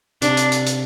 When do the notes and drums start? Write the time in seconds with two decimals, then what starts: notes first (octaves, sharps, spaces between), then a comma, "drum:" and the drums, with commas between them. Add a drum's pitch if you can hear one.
0.22 C3 D4, drum: hi-hat
0.37 drum: hi-hat
0.52 drum: hi-hat
0.66 drum: hi-hat